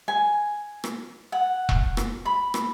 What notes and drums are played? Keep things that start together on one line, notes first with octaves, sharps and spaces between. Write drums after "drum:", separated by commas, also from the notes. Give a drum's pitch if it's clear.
G#5
drum: rim click
F#5
drum: kick E1
drum: rim click
B5
drum: rim click